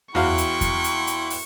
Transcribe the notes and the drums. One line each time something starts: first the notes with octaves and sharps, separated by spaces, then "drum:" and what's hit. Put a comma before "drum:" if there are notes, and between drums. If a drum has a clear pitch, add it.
E2 E4 F#4 F5 G5 C6 C#6, drum: tom E2
drum: hi-hat
drum: kick E2, hi-hat
drum: hi-hat
drum: hi-hat
drum: open hi-hat